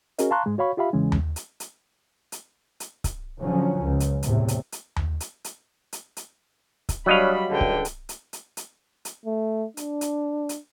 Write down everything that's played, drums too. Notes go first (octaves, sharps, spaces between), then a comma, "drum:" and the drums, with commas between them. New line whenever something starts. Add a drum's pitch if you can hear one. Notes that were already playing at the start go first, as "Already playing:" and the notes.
C#4 F#4 G#4 A#4 D#5, drum: hi-hat
F5 A5 A#5 C6 C#6 F#6
G#2 G#3
F#4 C#5 F5 B5 C#6
F4 G4 E5 F5 B5
E2 C#3 E3 G#3 C#4
drum: tom D#2
drum: hi-hat
drum: hi-hat
drum: hi-hat
drum: hi-hat
drum: kick C#1, hi-hat
D3 F3 F#3 C#4
C#2
drum: hi-hat
E2 A2 C3, drum: hi-hat
drum: hi-hat
drum: hi-hat
drum: tom D#2
drum: hi-hat
drum: hi-hat
drum: hi-hat
drum: hi-hat
drum: kick C#1, hi-hat
F#3 G3 D4 C#5 D#5 F5 B5
C#2 D3 G5
drum: kick C#1
drum: hi-hat
drum: hi-hat
drum: hi-hat
drum: hi-hat
drum: hi-hat
A3
D4, drum: hi-hat
drum: hi-hat
drum: hi-hat